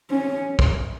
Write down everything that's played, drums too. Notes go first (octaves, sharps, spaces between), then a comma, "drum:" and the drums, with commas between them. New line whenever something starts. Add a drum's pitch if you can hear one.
C#4
drum: kick